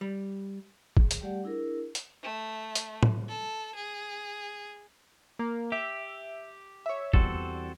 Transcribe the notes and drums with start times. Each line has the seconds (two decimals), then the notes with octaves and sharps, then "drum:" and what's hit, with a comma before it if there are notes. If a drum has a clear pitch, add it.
0.01 G3
0.97 G#4, drum: kick
1.11 drum: hi-hat
1.21 G3 A3 G4 D5 F#5
1.44 D4 E4 G#4 A#4
1.95 drum: hi-hat
2.23 A3
2.75 drum: hi-hat
3.03 drum: tom
3.29 A4
3.75 G#4
5.39 A#3
5.72 G4 E5
6.86 C#5 E5
7.13 E2 G3 C4 F#4 A4, drum: kick